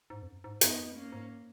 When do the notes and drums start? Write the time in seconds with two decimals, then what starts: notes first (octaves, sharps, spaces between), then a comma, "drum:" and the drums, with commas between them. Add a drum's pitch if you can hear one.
0.10 G#2
0.22 F2
0.27 F#2
0.44 G#2
0.61 F#2 B3 D#4, drum: hi-hat
0.79 F2
0.95 F#2 A#3 C#4
1.12 G#2